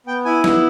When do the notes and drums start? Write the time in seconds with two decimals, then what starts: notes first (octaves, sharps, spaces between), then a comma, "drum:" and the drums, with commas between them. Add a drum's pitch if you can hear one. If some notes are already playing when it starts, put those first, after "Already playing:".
0.07 B3 G5
0.25 E4 G#5
0.44 B3, drum: snare